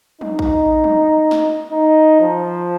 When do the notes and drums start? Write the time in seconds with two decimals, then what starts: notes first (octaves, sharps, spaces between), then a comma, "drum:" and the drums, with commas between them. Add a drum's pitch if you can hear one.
0.21 D#4, drum: tom
0.39 drum: kick
0.84 drum: tom
1.31 drum: snare
1.71 D#4
2.20 F3